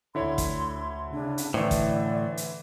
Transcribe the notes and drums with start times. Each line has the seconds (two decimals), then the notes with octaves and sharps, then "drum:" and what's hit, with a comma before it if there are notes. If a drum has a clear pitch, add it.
0.15 D2 D3 E4 C#5 C6
0.38 drum: kick, hi-hat
1.13 C#3 D4
1.38 drum: hi-hat
1.54 A2 D3 E3 C5 D5
1.71 drum: kick, hi-hat
2.37 drum: hi-hat